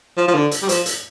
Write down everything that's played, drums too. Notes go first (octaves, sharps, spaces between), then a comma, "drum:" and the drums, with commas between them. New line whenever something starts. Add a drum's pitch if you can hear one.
F3
F3
D3
drum: hi-hat
G3
F3, drum: hi-hat
drum: hi-hat